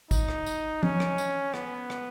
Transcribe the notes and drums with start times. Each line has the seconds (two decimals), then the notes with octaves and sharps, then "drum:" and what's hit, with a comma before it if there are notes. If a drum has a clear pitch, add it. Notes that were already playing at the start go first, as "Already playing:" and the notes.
0.11 D#4, drum: kick G#1, tambourine
0.28 drum: rim click
0.46 drum: tambourine
0.83 C#4, drum: tom F3
1.00 drum: rim click
1.18 drum: tambourine
1.54 B3, drum: rim click
1.90 drum: rim click